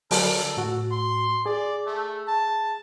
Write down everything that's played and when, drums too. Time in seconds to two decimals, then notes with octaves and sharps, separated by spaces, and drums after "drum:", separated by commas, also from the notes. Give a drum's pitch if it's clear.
0.11 D3 F#3 A4 A#4, drum: open hi-hat
0.57 A2 F#4
0.91 C6
1.46 G#4 D5
1.86 A3
2.28 A5